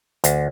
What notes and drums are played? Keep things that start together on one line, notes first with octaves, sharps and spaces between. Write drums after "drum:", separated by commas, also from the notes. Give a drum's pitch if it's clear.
D2, drum: hi-hat